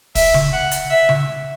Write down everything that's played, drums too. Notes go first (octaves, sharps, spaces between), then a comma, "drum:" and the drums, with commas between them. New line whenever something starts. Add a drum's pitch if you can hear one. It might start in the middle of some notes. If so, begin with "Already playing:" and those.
E5, drum: kick, open hi-hat
drum: tom C#3
F#5
drum: hi-hat
E5
drum: tom C#3